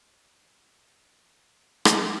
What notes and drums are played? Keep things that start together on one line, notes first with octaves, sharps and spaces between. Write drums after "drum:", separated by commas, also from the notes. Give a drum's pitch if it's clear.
F#2 C#4 A#4 C#5 F#5
A#4
A#5 D6
A2 F5 G#5
G#4 C#6
drum: rim click
A2 G#3 C4 C#4 G4